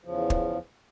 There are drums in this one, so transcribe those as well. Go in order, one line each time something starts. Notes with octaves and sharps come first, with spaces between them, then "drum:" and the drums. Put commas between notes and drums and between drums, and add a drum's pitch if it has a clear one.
E2 C#3 F3
drum: kick